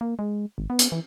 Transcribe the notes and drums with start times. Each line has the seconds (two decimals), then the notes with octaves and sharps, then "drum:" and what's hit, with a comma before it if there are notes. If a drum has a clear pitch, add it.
0.01 A#3
0.19 G#3
0.58 G#1
0.70 B3
0.79 drum: hi-hat
0.92 E3